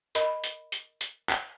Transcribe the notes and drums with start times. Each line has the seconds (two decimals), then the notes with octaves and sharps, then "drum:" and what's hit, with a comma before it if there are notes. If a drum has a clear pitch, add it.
0.15 A#4 D#5 B5, drum: hi-hat
0.44 drum: hi-hat
0.72 drum: hi-hat
1.01 drum: hi-hat
1.29 drum: clap